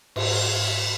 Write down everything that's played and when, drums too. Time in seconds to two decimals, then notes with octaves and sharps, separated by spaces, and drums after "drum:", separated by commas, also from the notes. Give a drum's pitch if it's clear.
0.16 G#2, drum: cymbal